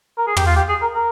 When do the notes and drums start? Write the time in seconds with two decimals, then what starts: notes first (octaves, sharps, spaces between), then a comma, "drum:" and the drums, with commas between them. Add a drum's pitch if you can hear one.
0.18 A#4
0.27 G#4
0.37 G4, drum: tom
0.46 F4
0.56 G4
0.69 G#4
0.82 A#4
0.94 A#4